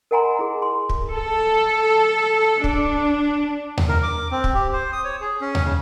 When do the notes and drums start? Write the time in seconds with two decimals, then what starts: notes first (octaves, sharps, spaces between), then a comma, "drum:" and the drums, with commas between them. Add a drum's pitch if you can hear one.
0.11 A#4 D#5 F#5 G#5 A#5 C6
0.39 E4 G#4
0.62 C6
0.89 drum: kick
1.12 A4
2.64 D4, drum: kick
3.77 drum: tom D#2
3.89 A#4
4.03 D6
4.32 C4
4.44 drum: kick
4.54 G4
4.73 C5
4.92 D#6
5.04 C#5
5.21 G#4
5.41 C#4
5.55 drum: tom D#2
5.65 C#3